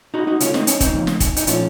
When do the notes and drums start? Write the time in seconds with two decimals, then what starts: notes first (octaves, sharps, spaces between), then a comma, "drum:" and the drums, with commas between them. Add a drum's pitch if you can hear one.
0.14 D#4 F#4
0.27 D#4 F#4
0.40 C#3 A3 C#4 F4, drum: hi-hat
0.54 C4 D#4, drum: snare
0.67 C#4, drum: hi-hat
0.80 C4 D#4, drum: kick, hi-hat
0.94 C#3 F3 A#3
1.07 drum: snare
1.20 drum: kick, hi-hat
1.36 D#4, drum: hi-hat
1.47 A#2 F3 A3 C#4 F4, drum: hi-hat